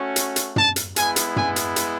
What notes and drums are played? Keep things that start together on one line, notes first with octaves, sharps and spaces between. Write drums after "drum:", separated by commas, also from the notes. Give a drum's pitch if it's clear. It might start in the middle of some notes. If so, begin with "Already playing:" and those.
Already playing: A3 C#4 F#4
drum: hi-hat
drum: hi-hat
A5, drum: tom
drum: hi-hat
G#3 B3 E4 G#5, drum: hi-hat
drum: hi-hat
G#5, drum: tom
drum: hi-hat
drum: hi-hat